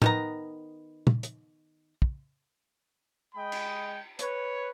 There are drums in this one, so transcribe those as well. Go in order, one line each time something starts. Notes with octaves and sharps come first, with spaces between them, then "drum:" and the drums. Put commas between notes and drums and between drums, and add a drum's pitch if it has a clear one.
D#3 B3 A#5, drum: tom A2
drum: tom
drum: hi-hat
drum: kick
G#3 D#5 G5 B5
drum: cymbal
B4 C#5, drum: hi-hat